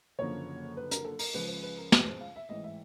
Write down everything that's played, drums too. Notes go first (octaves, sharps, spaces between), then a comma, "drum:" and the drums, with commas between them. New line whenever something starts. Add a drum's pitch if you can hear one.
F#1 F#2 D3 F3 A#3 C#5
B4
A#4, drum: hi-hat
A4
A#4, drum: open hi-hat
C#2 C#3 F3 B4
B4
B4
A#4
B4, drum: snare
C5
F5
E5
A1 G#2 E3 D#5
E5